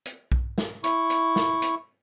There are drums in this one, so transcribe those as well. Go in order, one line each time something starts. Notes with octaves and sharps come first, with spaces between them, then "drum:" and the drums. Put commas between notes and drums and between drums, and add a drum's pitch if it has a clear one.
drum: hi-hat
drum: kick B1
drum: snare
E4 C#6, drum: hi-hat
drum: hi-hat
drum: snare
drum: hi-hat